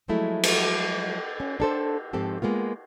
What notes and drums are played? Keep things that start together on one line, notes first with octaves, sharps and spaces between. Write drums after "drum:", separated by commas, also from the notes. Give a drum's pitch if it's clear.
F3 F#3 G#3 A3 E4
drum: cymbal
C#4
D4 A4 C5
G#2 F3 C4 G4 A4
G#3 A#3 B3 F4